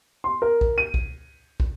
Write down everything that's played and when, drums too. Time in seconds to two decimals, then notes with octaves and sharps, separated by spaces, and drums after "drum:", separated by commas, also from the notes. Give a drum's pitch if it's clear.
0.24 C6
0.42 A#4
0.61 drum: kick
0.78 D#7
0.94 drum: kick
1.60 drum: kick